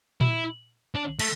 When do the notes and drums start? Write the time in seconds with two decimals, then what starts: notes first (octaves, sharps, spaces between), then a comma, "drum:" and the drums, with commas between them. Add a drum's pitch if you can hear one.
0.21 E4, drum: tom A#2
0.95 D4
1.19 A3, drum: cymbal